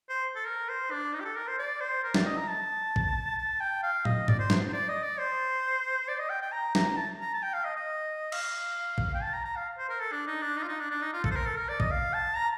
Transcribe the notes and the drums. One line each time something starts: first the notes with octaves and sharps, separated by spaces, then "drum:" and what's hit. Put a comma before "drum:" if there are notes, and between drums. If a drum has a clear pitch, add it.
C5
A4
A#4
C5
D4
D#4
G4
A4
A#4
C5
D5
C5
A#4
D5, drum: snare
D#5
A#5
A5
drum: kick
A5
G5
F5
D#5, drum: tom
D5, drum: tom G#2
C5
drum: snare
C5
D5
D#5
D5
C5
D5
D#5
G5
G5
A#5
A#5, drum: snare
A5
A#5
A5
G5
F5
D#5
D#5
F5, drum: cymbal
drum: kick
G5
A5
A#5
A#5
F5
C5
A#4
A4
D4
D#4
D4
D#4
F4
D#4
D4
D4
D#4
F4
A4, drum: kick
C5
A#4
A4
A#4
D5
D#5, drum: kick
F5
A5
A#5